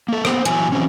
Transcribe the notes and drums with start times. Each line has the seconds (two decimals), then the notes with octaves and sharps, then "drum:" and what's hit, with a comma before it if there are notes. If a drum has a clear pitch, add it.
0.08 A#3 A4
0.25 B3 C5, drum: rim click
0.45 A#2 E3 F#3 G#5, drum: hi-hat
0.72 E3 F#3 G3 C4 C#4